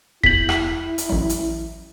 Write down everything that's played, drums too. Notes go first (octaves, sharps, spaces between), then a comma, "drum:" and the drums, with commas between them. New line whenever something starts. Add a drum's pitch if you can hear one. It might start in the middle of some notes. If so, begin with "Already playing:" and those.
E2 E4 G6 B6 F#7, drum: kick D#1
drum: rim click
drum: hi-hat
A1 F#3
drum: hi-hat